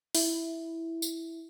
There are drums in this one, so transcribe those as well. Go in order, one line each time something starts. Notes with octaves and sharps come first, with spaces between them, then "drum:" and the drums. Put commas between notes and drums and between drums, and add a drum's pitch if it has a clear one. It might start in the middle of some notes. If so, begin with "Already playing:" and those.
E4, drum: open hi-hat
drum: tambourine